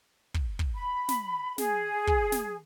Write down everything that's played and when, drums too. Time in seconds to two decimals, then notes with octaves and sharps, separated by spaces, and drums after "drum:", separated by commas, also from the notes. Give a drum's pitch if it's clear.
0.34 drum: kick
0.59 drum: kick
0.75 B5
1.08 drum: snare
1.58 G#4, drum: snare
2.07 drum: kick
2.32 drum: snare